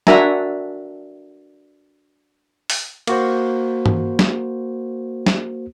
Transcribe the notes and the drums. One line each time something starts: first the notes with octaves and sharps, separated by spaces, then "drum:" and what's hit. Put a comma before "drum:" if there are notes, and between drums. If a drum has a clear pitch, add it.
D4 F#4 A#4 E5 G#5 A#5, drum: snare
drum: open hi-hat
A#3 F#4 C5, drum: cymbal
drum: tom
drum: snare
drum: snare